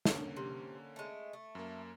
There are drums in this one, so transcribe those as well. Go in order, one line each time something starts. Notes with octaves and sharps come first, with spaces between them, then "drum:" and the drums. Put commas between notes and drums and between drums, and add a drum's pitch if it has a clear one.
D3 A#3 C#4, drum: snare
C3
G#3 A3
A3
F#2 A#3